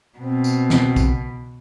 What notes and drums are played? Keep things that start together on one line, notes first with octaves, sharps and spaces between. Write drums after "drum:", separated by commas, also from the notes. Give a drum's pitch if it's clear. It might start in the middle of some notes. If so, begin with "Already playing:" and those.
B2 C4
drum: tambourine
drum: snare
drum: kick A#1, tambourine